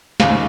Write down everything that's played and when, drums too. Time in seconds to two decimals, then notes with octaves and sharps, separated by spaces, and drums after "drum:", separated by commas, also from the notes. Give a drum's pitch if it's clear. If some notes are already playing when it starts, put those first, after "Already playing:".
0.20 D#2 C#3 G#3 F5, drum: snare